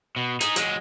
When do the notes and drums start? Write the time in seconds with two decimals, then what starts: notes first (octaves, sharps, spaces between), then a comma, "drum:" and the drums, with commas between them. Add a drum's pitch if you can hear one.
0.16 B2
0.41 D#4 G#4, drum: hi-hat
0.56 F#3 G#3, drum: hi-hat